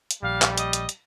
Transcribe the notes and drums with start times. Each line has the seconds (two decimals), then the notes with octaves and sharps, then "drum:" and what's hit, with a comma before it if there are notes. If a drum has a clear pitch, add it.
0.11 drum: hi-hat
0.23 A#1 G3 F5
0.42 drum: clap
0.58 D#5, drum: hi-hat
0.73 drum: hi-hat
0.89 drum: hi-hat